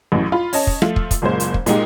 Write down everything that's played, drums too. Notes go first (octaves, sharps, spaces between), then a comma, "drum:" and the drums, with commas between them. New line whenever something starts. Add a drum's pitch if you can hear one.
A1 F#2 A2
F4 B5
C#4 C#5 D#5 A5, drum: open hi-hat
drum: kick
F3 A3 F4, drum: rim click
drum: kick
drum: kick, hi-hat
F#1 A#2 G#3 C5
drum: hi-hat
drum: kick
A#2 G#3 D#4 G4, drum: hi-hat